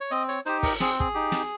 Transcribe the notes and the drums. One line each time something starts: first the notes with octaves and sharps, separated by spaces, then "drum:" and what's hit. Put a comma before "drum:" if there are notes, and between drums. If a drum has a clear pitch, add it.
C#5
C4 D#5, drum: hi-hat
C#5, drum: hi-hat
D#4 G4 C5, drum: hi-hat
A#4, drum: kick, open hi-hat
C4 G#4, drum: snare
G#4, drum: kick
D#4 G4
drum: snare